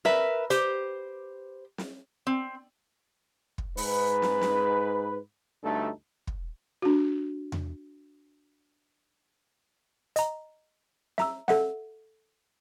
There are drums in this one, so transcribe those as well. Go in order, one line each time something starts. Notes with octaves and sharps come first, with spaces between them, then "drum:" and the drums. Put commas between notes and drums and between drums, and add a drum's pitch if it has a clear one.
A#4 B4 E5, drum: snare
G4 C5, drum: hi-hat
drum: snare
C4
drum: kick
G#2 B4, drum: open hi-hat
drum: snare
drum: snare
D2 G2 A3 D#4 A4
drum: kick
D4 F#4
drum: tom E2
D#5 A#5, drum: hi-hat
E5 A#5 E6, drum: snare
A4 E5 F#5, drum: snare